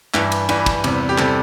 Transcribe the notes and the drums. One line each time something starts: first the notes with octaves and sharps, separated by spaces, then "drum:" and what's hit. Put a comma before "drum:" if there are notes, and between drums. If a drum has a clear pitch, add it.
G2 E3 G3 E5, drum: clap
drum: cymbal
G2 E3 G3 B4, drum: cymbal
drum: kick, cymbal
E2 C3 G3, drum: cymbal
G4
C3 G3 A4, drum: clap